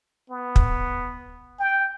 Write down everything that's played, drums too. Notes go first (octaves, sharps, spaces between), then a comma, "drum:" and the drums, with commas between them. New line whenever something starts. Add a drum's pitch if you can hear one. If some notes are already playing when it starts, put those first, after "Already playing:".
B3
drum: kick
G5